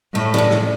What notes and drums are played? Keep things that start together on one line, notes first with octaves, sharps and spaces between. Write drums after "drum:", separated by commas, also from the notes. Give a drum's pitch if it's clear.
A2 A3
D4, drum: snare
C#4
drum: snare